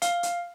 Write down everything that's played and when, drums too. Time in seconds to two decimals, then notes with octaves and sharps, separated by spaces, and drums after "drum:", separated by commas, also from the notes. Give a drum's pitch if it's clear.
0.02 F5, drum: hi-hat
0.23 drum: hi-hat